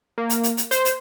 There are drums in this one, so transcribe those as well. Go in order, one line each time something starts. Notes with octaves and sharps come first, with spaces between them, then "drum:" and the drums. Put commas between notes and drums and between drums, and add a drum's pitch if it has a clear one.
A#3
drum: hi-hat
drum: hi-hat
drum: hi-hat
C5, drum: hi-hat
drum: hi-hat